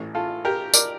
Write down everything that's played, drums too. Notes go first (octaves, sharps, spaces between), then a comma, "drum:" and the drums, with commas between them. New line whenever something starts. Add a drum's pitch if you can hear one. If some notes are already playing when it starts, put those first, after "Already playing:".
Already playing: A1 A2 E3
F4 A4
G4 A#4
A#4 D5, drum: tambourine